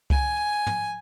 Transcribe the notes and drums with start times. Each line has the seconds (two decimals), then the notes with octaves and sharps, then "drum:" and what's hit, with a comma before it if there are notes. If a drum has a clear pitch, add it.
0.10 G#5, drum: kick C2
0.67 drum: tom